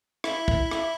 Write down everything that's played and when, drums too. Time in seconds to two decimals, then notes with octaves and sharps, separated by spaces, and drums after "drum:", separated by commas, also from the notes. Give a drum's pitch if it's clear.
0.24 E4, drum: rim click
0.48 drum: kick
0.71 drum: rim click